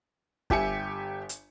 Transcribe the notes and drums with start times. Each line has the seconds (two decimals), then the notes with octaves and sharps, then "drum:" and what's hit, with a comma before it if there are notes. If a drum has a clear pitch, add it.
0.50 G1 G4 E5 G#5 C#7, drum: kick
1.29 drum: hi-hat